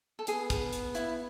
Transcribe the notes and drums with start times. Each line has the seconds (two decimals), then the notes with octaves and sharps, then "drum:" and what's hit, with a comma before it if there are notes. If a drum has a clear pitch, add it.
0.19 A4
0.27 B3 G#4, drum: hi-hat
0.50 drum: kick, hi-hat
0.73 drum: hi-hat
0.95 E4, drum: hi-hat